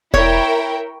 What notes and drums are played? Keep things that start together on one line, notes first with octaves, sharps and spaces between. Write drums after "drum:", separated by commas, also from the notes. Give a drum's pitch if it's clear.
E4 A#4 C#5 G5, drum: kick E1